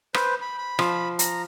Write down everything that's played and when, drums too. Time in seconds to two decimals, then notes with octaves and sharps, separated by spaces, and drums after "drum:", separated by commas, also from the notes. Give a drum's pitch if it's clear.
0.14 B4 C5, drum: rim click
0.42 B5
0.58 B5
0.79 F3, drum: rim click
1.19 A#5, drum: hi-hat